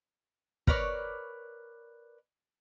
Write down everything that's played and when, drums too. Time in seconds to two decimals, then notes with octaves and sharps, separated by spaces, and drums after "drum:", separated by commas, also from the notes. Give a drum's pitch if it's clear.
0.67 A#4 B4 C#5 D5, drum: kick